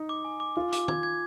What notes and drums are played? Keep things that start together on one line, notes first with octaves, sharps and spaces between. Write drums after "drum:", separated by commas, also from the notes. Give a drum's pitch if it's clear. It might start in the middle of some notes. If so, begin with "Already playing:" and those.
Already playing: D#4
D6
G#5
D6
F4 D6
D6, drum: hi-hat
G#6, drum: tom
G#6